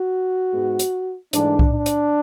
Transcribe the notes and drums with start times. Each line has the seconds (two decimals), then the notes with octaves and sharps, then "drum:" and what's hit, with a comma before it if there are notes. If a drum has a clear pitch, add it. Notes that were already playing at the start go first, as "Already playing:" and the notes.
Already playing: F#4
0.53 G#2 G#3 B3
0.79 drum: hi-hat
1.33 G#2 E3 A3 D4, drum: hi-hat
1.59 drum: kick C2
1.73 D4
1.86 drum: hi-hat